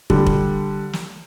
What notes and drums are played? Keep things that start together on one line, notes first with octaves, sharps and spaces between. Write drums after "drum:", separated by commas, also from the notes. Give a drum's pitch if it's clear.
D3 G3, drum: kick
drum: kick
drum: snare